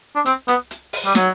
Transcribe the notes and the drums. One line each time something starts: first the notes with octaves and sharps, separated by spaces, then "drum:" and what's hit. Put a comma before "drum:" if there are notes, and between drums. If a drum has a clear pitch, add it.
D4
C4, drum: hi-hat
B3, drum: hi-hat
drum: hi-hat
drum: open hi-hat
G3
F#3, drum: snare